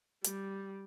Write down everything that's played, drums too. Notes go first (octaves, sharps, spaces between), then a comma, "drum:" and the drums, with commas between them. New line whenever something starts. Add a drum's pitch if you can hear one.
G3, drum: hi-hat